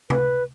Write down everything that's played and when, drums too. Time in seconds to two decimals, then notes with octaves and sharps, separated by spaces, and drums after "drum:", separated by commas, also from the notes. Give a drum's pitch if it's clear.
0.10 B4, drum: tom C3